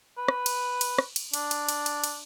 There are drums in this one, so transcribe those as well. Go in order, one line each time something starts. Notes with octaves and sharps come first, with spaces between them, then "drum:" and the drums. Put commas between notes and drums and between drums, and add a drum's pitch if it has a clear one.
B4
drum: rim click
drum: cymbal
drum: cymbal
drum: rim click
drum: cymbal
D4, drum: cymbal
drum: cymbal
drum: cymbal
drum: cymbal
drum: cymbal